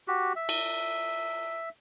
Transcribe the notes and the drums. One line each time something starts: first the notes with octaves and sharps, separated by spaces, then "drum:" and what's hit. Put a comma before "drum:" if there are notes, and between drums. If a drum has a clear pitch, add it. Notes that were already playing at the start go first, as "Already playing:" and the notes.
F#4 G4
E5
drum: cymbal